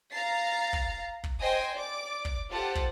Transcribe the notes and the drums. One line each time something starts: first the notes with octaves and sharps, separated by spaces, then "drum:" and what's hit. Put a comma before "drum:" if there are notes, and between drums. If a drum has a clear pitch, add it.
F5 A#5 A6 C7
drum: kick
drum: kick
C5 D#5 G5 G#5 C6 D#6
D5 D6
drum: kick
F4 G4 A4 C5 F#5
drum: kick